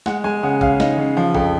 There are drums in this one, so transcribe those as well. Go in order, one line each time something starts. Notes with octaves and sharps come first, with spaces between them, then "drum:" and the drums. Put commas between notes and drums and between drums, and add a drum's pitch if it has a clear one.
G#3 F#5, drum: snare
G#3 G#5
C#3 F#5
C#3 F5, drum: kick A1
D#4, drum: snare
C#3
F3
F2, drum: kick A1